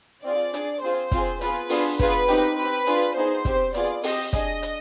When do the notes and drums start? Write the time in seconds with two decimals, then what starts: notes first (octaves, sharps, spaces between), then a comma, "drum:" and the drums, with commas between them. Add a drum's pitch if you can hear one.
0.23 C4 F4 G#4 D5
0.54 D4 G#4, drum: hi-hat
0.82 C4 F4 G#4 C5
1.11 C4 F4 G#4, drum: kick, hi-hat
1.41 B3 F4 G#4 B4, drum: hi-hat
1.70 B3 D4 F4 G#4, drum: open hi-hat
1.99 B3 F4 G#4 B4, drum: kick, hi-hat
2.28 C4 D#4 G4, drum: hi-hat
2.57 C4 G4 B4
2.87 D4 F4 G#4, drum: hi-hat
3.16 B3 D#4 G#4 C5
3.45 C4 G4, drum: kick, hi-hat
3.74 B3 F4 G#4 D5, drum: hi-hat
4.04 C4 G4 D#5, drum: open hi-hat
4.33 D4 G#4 D#5, drum: kick, hi-hat
4.62 drum: hi-hat